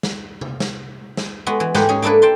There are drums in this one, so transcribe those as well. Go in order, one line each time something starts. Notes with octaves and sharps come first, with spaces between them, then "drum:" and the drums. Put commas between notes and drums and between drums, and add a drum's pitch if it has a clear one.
drum: snare
drum: tom C3
drum: snare
drum: snare
G#3 B3 F#4
E3
G#2 G#3 A#3 G4 B4 F#5, drum: snare
C#4 G#4
A#3 D4 E4 A4 B4
G5 A5 C6